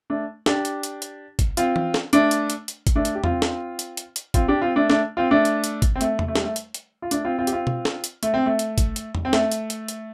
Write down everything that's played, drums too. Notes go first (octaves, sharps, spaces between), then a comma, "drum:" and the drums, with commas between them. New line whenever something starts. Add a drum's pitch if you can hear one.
A3 D4
D4 G4, drum: snare
drum: hi-hat
drum: hi-hat
drum: hi-hat
drum: kick, hi-hat
C4 F4, drum: hi-hat
drum: tom E3
drum: snare
A3 D4, drum: hi-hat
drum: hi-hat
drum: hi-hat
drum: hi-hat
drum: kick, hi-hat
A3 D4
drum: hi-hat
G4
C4 F4, drum: tom E2
drum: snare
drum: hi-hat
drum: hi-hat
drum: hi-hat
C4 F4, drum: kick, hi-hat
D4 G4
C4 F4
A3 D4
A3 D4, drum: snare
C4 F4
A3 D4
drum: hi-hat
drum: hi-hat
drum: kick, hi-hat
C4
A3, drum: hi-hat
drum: tom E2
A3
G3, drum: snare
A3
drum: hi-hat
drum: hi-hat
F4
A3 D4, drum: hi-hat
C4 F4
C4 F4
G4, drum: hi-hat
C4 F4
drum: tom B2
drum: snare
drum: hi-hat
A3, drum: hi-hat
C4
A3
drum: hi-hat
drum: kick, hi-hat
drum: hi-hat
drum: tom E2
C4
A3, drum: snare
drum: hi-hat
drum: hi-hat
drum: hi-hat